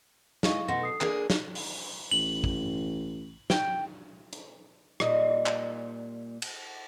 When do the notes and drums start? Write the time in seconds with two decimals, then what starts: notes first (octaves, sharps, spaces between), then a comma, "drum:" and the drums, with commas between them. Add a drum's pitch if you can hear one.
0.43 G#3 E4 D#5 F5 C#6, drum: snare
0.68 B2 A3 F#5 C6 A#6
0.81 A4 D#6 C7
1.01 A#3 D4 G#4, drum: clap
1.30 drum: snare
1.55 drum: open hi-hat
2.11 A1 F#7
2.44 drum: kick
3.50 G5, drum: snare
4.33 drum: hi-hat
5.00 A#2 G3 D#4, drum: rim click
5.46 drum: clap
6.42 drum: cymbal